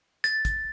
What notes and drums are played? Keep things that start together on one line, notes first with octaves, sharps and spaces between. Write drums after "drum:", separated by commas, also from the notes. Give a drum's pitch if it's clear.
A6, drum: hi-hat
drum: kick, hi-hat